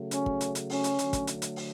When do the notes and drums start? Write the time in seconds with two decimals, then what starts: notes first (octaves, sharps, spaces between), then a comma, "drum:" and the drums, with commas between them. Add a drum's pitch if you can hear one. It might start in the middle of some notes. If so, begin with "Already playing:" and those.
Already playing: C#3 F#3 A3
0.11 C#4, drum: hi-hat
0.26 drum: kick
0.41 drum: hi-hat
0.55 drum: hi-hat
0.70 C#4, drum: open hi-hat
0.84 drum: hi-hat
0.99 D3 F#3 A3, drum: hi-hat
1.13 drum: kick, hi-hat
1.27 drum: hi-hat
1.42 drum: hi-hat
1.56 drum: open hi-hat